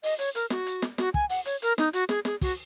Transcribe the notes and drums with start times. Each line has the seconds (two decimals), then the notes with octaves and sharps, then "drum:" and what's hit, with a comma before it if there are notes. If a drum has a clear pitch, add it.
0.03 D#5, drum: open hi-hat
0.19 C#5, drum: hi-hat
0.35 A#4, drum: hi-hat
0.50 F#4, drum: snare
0.66 drum: hi-hat
0.82 drum: snare
0.98 F#4, drum: snare
1.14 G#5, drum: kick
1.29 F#5, drum: open hi-hat
1.45 C#5, drum: hi-hat
1.62 A#4, drum: hi-hat
1.78 D#4, drum: snare
1.93 F#4, drum: hi-hat
2.09 G#4, drum: snare
2.25 G#4, drum: snare
2.41 F#4, drum: kick, open hi-hat